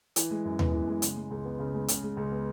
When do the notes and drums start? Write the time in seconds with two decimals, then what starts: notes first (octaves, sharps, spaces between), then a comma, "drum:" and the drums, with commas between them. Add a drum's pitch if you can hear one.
0.16 E3, drum: hi-hat
0.30 G#3
0.45 F#2
0.59 B3, drum: tom D#2
0.73 E3
0.87 G#3
1.02 C#3, drum: hi-hat
1.16 G#3
1.31 C#2
1.45 B3
1.59 C#3
1.74 G#3
1.88 C#3, drum: hi-hat
2.03 G#3
2.17 C#2
2.31 B3